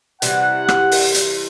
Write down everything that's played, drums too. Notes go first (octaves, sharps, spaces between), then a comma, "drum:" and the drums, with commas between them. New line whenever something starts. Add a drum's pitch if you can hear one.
C3 E3 G3 F#5, drum: hi-hat
drum: rim click
drum: open hi-hat
drum: hi-hat